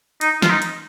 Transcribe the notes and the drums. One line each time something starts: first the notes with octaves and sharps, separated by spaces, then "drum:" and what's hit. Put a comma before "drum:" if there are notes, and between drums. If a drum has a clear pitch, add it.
D#4, drum: hi-hat
F4, drum: snare
D#4
drum: hi-hat